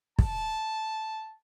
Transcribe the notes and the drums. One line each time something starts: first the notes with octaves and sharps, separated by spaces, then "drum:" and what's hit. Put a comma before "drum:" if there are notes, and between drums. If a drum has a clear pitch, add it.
A5, drum: kick